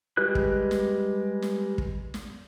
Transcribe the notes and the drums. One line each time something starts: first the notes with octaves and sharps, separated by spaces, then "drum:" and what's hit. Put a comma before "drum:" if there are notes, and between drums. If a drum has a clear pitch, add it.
G3 G#3 G4 B4 F#6
drum: kick
drum: snare
drum: snare
drum: kick
drum: snare